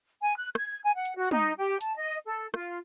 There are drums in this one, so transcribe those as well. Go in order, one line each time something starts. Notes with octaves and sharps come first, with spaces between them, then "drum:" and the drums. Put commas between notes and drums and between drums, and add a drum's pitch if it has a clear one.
G#5
F#6
G#6, drum: rim click
G#5
F#5
drum: hi-hat
F#4
D#4, drum: tom
G4
A5, drum: hi-hat
D#5
A4
F4, drum: rim click